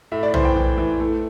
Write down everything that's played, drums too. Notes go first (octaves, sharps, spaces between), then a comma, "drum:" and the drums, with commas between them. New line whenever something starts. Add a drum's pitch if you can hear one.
A2 E5
D5
E3 C5, drum: tom
G5
E3
E3
A3